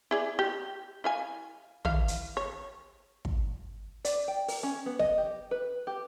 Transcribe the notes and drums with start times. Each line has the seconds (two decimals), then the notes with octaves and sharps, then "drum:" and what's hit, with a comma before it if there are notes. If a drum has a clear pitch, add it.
0.11 E4 G#4 D5
0.39 G4
1.04 E4 F5 G#5
1.85 E3 F5, drum: tom
2.08 drum: hi-hat
2.37 C#5
3.25 drum: kick
4.05 D5, drum: hi-hat
4.28 G5
4.48 A#4, drum: open hi-hat
4.63 C#4
4.86 B3
4.99 D#5, drum: snare
5.18 G4
5.51 B4
5.87 G4